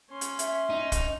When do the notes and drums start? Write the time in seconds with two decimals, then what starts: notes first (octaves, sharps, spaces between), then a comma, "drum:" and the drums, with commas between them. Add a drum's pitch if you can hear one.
0.10 C#4 C6
0.21 drum: hi-hat
0.39 E5, drum: hi-hat
0.70 D#4
0.92 drum: kick, hi-hat